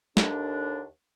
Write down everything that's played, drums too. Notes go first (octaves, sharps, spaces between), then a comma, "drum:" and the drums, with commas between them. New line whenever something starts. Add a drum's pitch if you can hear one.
D#2 D3 D4, drum: snare